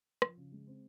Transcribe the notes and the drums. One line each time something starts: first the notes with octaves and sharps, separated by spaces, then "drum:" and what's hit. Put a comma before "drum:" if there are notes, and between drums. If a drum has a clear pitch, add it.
F3, drum: rim click
C#3
G#3
C4